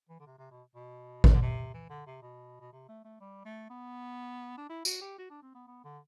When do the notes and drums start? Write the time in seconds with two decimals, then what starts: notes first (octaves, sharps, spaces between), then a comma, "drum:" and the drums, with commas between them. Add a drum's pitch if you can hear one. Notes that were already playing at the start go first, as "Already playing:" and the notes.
0.09 E3
0.20 D3
0.26 C3
0.38 C3
0.51 B2
0.75 B2
1.24 C3, drum: kick G#1
1.33 D3
1.42 C3
1.74 E3
1.89 D3
2.06 C3
2.22 B2
2.60 B2
2.72 C3
2.89 A3
3.04 A3
3.21 G3
3.45 A3
3.70 B3
4.57 D4
4.69 E4
4.85 F#4, drum: tambourine
5.01 G4
5.18 F#4
5.30 D4
5.42 C4
5.54 B3
5.67 B3
5.84 D3